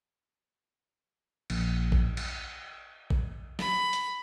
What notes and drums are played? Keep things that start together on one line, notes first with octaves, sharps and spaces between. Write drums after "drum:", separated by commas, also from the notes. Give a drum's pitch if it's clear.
A#1, drum: cymbal
drum: kick
drum: cymbal
drum: kick
B5, drum: snare
drum: hi-hat